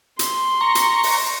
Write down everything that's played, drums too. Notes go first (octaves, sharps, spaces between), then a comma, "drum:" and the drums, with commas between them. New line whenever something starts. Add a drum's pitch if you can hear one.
C6, drum: hi-hat
A#5 C#6
drum: hi-hat
drum: open hi-hat